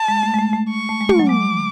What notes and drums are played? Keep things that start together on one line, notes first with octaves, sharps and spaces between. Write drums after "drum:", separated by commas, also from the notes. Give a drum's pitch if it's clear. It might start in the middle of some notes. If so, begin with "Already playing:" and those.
Already playing: A5
G#3
A3
G#3
A3
A3
C#6
A3
G#3
A3, drum: tom
F#3
G#3 D6